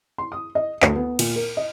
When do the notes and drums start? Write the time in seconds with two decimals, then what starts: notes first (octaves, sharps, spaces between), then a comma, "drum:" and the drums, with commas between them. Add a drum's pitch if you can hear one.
0.18 C6
0.32 D#6
0.55 D#5
0.82 D2, drum: clap
0.96 B3
1.19 A#2, drum: cymbal
1.36 A#4
1.57 D#5